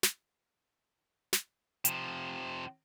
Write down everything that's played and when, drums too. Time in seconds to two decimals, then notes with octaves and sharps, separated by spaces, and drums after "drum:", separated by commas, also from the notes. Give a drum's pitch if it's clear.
0.03 drum: snare
1.33 drum: snare
1.85 C3 F3, drum: hi-hat